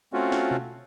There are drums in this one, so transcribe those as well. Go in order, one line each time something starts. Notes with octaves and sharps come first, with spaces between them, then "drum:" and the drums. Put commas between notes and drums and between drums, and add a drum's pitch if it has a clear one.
A3 C4 C#4 F4 F#4
drum: snare
drum: tom B2